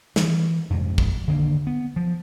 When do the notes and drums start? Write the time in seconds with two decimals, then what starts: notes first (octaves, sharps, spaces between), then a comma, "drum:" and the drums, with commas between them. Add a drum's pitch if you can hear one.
0.16 E3, drum: snare
0.70 F2 G#2 C3 F3
0.98 drum: kick
1.28 D3 D#3 A#3
1.67 B3
1.96 F3